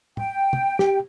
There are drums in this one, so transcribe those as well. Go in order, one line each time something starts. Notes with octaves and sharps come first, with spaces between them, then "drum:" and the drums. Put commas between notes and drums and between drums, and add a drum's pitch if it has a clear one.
G5, drum: tom
drum: tom
G4, drum: snare